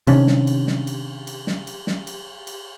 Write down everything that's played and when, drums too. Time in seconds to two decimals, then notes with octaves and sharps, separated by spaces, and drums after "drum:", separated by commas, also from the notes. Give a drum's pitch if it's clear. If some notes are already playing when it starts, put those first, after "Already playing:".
0.07 C3 D#3 C#4 D4, drum: cymbal
0.27 drum: snare
0.47 drum: cymbal
0.67 drum: snare
0.87 drum: cymbal
1.27 drum: cymbal
1.47 drum: snare
1.67 drum: cymbal
1.87 drum: snare
2.07 drum: cymbal
2.47 drum: cymbal